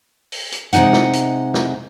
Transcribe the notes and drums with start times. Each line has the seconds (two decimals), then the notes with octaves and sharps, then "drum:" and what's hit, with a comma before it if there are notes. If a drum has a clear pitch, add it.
0.32 drum: open hi-hat
0.52 drum: hi-hat
0.73 C3 E3 G#3 D#4 F#5, drum: hi-hat
0.93 drum: snare
1.13 drum: hi-hat
1.54 drum: snare